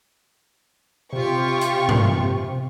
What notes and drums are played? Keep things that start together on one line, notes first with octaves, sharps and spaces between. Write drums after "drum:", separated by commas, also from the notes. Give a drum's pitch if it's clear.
C3 F4 G4 C#6
drum: hi-hat
drum: tom G2